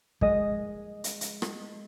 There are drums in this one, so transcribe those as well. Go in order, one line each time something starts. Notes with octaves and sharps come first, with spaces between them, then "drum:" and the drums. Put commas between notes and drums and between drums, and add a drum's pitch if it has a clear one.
G#3 D#5, drum: kick
drum: hi-hat
drum: hi-hat
drum: rim click